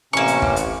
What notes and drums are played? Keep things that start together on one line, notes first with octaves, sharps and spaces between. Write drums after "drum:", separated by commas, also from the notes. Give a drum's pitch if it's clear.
A1 C3 A#3 C#4 C#6
drum: hi-hat
drum: kick
drum: hi-hat